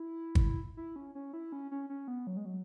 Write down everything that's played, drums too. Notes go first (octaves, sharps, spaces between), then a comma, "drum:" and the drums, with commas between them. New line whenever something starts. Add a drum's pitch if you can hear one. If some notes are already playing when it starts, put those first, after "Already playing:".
Already playing: E4
drum: kick G1
E4
C#4
C#4
E4
C#4
C#4
C#4
B3
F#3
G#3
F#3